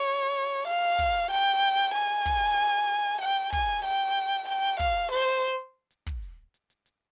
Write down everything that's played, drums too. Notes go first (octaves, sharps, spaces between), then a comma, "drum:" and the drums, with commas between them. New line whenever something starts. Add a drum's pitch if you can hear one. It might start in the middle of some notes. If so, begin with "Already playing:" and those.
Already playing: C#5
drum: hi-hat
drum: hi-hat
drum: hi-hat
F5
drum: hi-hat
drum: kick, open hi-hat
G5
drum: hi-hat
drum: hi-hat
drum: hi-hat
G#5
drum: hi-hat
drum: kick, open hi-hat
drum: hi-hat
drum: hi-hat
drum: hi-hat
G5
drum: hi-hat
G#5, drum: kick, open hi-hat
drum: hi-hat
G5
drum: hi-hat
drum: hi-hat
drum: hi-hat
G5
drum: hi-hat
F5, drum: kick, open hi-hat
drum: hi-hat
C5
drum: hi-hat
drum: hi-hat
drum: hi-hat
drum: hi-hat
drum: kick, open hi-hat
drum: hi-hat
drum: hi-hat
drum: hi-hat
drum: hi-hat